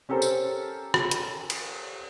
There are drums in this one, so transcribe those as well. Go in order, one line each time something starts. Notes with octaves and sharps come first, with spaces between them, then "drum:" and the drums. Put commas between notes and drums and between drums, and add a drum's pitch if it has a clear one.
C#4 G4 A4 A#4 C5
drum: tambourine
drum: rim click
drum: hi-hat
drum: cymbal